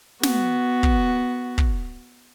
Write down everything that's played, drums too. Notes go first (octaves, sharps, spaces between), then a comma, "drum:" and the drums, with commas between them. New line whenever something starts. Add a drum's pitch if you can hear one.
B3 F#4, drum: snare
drum: kick
drum: kick